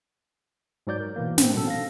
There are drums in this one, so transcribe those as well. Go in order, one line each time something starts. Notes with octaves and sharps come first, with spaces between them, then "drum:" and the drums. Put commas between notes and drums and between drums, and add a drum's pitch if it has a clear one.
G#2 F#3 D5 G6
A#4
B2 E3 A#3
A2 C4, drum: snare
B2 A4
F5 A#6